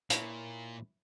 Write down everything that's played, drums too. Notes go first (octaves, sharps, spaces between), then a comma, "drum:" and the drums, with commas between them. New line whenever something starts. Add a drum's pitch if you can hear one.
A#2 E4 A#4 C#5, drum: hi-hat